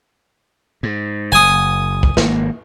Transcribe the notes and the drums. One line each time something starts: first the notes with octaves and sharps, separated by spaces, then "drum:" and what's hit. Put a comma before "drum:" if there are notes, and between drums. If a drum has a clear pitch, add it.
G#2
F#1 G#5 D#6
drum: kick
G#1 A#3, drum: snare